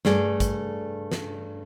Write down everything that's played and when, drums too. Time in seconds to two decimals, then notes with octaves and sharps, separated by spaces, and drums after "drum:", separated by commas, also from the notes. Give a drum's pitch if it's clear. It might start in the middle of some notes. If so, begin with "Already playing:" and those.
0.05 G2 A3 G#4 D5, drum: snare
0.40 drum: kick, hi-hat
1.12 drum: snare